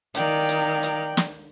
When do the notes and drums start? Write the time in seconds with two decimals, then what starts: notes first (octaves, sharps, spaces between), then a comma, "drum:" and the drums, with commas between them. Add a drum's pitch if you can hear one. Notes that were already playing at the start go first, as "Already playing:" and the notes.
0.15 D#3 D5 F5 G5 A#5, drum: hi-hat
0.49 drum: hi-hat
0.83 drum: hi-hat
1.17 drum: snare